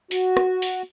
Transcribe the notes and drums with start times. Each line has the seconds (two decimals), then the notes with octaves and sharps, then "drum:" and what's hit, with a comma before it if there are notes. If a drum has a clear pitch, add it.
0.11 F#4, drum: open hi-hat
0.37 drum: rim click
0.62 drum: open hi-hat